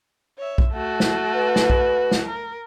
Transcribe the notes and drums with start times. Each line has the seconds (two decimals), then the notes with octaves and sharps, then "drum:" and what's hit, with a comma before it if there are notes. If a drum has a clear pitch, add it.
0.38 C#5 E5
0.58 drum: kick
0.72 A3 F#4
1.00 drum: snare
1.35 B4
1.56 drum: snare
1.70 drum: kick
2.11 drum: snare
2.27 A#4